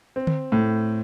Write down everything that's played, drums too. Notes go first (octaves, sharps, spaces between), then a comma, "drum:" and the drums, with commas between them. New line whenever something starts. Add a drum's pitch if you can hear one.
C4
drum: tom D3
A2